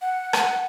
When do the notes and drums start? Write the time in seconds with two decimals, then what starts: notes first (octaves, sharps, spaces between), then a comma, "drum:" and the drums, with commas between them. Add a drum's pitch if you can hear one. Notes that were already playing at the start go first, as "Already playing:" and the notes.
0.02 F#5
0.33 drum: rim click